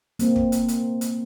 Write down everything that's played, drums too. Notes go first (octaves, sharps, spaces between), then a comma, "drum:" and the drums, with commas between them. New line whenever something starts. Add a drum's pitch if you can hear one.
A#3 C4, drum: hi-hat
drum: kick
drum: hi-hat
drum: hi-hat
drum: hi-hat